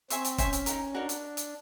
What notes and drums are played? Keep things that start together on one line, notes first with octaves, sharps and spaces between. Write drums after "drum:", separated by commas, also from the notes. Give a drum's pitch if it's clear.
C4 C5 E5 G#5 C#6, drum: hi-hat
drum: hi-hat
C#4 C5 E5 G#5 C#6, drum: kick, hi-hat
drum: hi-hat
D#4 F#4 A#4, drum: hi-hat
D4 D#4 F#4 A#4
drum: hi-hat
drum: hi-hat